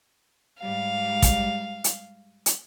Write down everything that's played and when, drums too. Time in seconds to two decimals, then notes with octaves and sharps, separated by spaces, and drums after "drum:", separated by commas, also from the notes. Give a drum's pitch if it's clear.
0.61 G#2 G3 F5
1.22 drum: kick, hi-hat
1.84 drum: hi-hat
2.46 drum: hi-hat